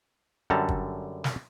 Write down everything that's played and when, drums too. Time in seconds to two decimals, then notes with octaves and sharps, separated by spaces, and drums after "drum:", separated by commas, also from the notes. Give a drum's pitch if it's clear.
0.50 F#2 D3 G3 A4 A5 A#5
0.69 drum: kick
1.24 drum: snare